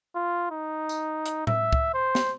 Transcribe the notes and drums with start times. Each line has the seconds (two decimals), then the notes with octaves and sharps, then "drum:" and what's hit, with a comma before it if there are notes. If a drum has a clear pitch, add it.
0.15 F4
0.51 D#4
0.89 drum: tambourine
1.26 drum: hi-hat
1.47 E5, drum: tom A2
1.73 drum: kick
1.94 C5
2.15 drum: snare